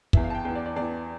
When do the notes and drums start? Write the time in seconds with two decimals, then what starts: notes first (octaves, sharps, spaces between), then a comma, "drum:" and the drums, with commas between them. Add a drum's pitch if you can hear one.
0.13 E2 E3 E5, drum: kick
0.24 F5
0.30 A5
0.35 G5
0.45 E2 E3 G5
0.55 D5
0.66 D5
0.76 E2 E3 D5